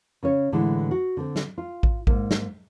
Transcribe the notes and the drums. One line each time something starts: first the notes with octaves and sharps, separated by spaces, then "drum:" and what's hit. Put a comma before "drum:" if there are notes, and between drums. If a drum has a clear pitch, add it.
C#3 C#4 C#5
A2 D3 E3 G#3
F#4
D3 C4
drum: snare
F4
drum: kick A1
G#2 A#3, drum: kick A1
drum: snare